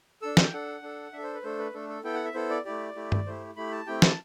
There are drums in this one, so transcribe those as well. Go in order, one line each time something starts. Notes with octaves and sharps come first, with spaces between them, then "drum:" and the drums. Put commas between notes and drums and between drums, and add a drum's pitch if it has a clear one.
D4 A4 E6
G5, drum: snare
D4 A4 F#5
D4 A4
D4 E5
A4
C5
B4
A3 D4 A4 C5
B4
A3 D4 A4
A4
B3 E4 A4 G5
F#5
E5
B3 E4 A4 C5
D5
A3 E4 G4 D5
A3 E4 G4
drum: tom G2
A3 E4 G4 C5
A3 E4 G4 B5
A5
A3 C4 E4 G4 G5
A5, drum: snare